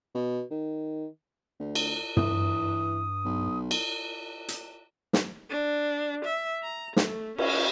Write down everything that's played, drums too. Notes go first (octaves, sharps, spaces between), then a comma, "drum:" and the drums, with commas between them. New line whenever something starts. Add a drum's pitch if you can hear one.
B2
D#3
D2
drum: cymbal
G2 E3 D#6, drum: tom
B1
drum: cymbal
drum: hi-hat
drum: snare
D4
E5
A#5
A3, drum: snare
C#4, drum: cymbal